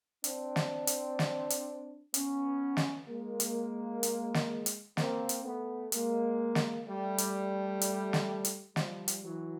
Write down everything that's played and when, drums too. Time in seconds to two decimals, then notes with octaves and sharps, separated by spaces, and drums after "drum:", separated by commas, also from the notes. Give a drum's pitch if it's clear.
0.24 C4 D4, drum: hi-hat
0.56 drum: snare
0.87 drum: hi-hat
1.19 drum: snare
1.50 drum: hi-hat
2.14 B3 C#4, drum: hi-hat
2.77 drum: snare
3.08 G#3 A#3
3.40 drum: hi-hat
4.03 drum: hi-hat
4.34 drum: snare
4.66 drum: hi-hat
4.97 A#3 C4, drum: snare
5.29 drum: hi-hat
5.44 A3 B3
5.92 G#3 A#3, drum: hi-hat
6.55 drum: snare
6.87 G3 A3
7.18 drum: hi-hat
7.81 drum: hi-hat
8.13 drum: snare
8.45 drum: hi-hat
8.76 F3 G3, drum: snare
9.08 drum: hi-hat
9.23 E3 F#3